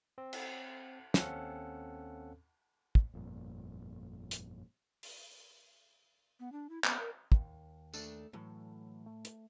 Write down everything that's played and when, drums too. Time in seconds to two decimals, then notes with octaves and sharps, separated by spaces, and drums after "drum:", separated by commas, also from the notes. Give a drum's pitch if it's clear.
0.18 C4
0.33 drum: cymbal
1.14 D#2 C4 C#4 A4 F5 F#5, drum: snare
2.95 drum: kick
3.14 G1 F2 A#2
4.31 drum: hi-hat
5.03 drum: open hi-hat
6.40 B3
6.52 D4
6.69 E4
6.84 B3, drum: clap
6.99 A#4
7.32 D#2, drum: kick
7.94 A3 D4, drum: tambourine
8.33 A2 E3 F#3 A3
9.06 A3
9.25 drum: hi-hat